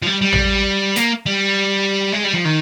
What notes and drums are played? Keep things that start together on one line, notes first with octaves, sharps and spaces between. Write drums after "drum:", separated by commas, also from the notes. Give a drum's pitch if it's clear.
F3
G3
G3
drum: tom A1
A#3, drum: hi-hat
G3
G#3
G3
F3
D#3